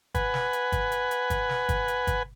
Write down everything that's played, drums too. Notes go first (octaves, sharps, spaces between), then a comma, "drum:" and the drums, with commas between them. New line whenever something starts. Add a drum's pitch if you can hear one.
B4 F#5 G#5, drum: kick, hi-hat
drum: snare
drum: hi-hat
drum: kick, hi-hat
drum: hi-hat
drum: hi-hat
drum: kick, hi-hat
drum: snare
drum: kick, hi-hat
drum: hi-hat
drum: kick, hi-hat